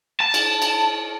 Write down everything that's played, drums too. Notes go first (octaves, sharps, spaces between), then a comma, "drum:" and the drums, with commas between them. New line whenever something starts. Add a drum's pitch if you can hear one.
A5
drum: cymbal
drum: cymbal